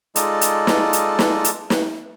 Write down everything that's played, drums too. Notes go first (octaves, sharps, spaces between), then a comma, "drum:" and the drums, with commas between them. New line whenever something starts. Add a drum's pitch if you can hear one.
G#3 D#4 F4 A4 D5 D#5, drum: hi-hat
drum: hi-hat
drum: snare
drum: hi-hat
drum: snare
drum: hi-hat
drum: snare